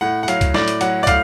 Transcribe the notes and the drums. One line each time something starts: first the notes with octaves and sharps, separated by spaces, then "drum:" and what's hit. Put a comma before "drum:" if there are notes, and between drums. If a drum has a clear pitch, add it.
A2 F#5
F#5
F#3 F5, drum: hi-hat
drum: kick, hi-hat
A2 D5, drum: snare
drum: hi-hat
F#3 F#5, drum: hi-hat
D5
A2 F5, drum: kick, hi-hat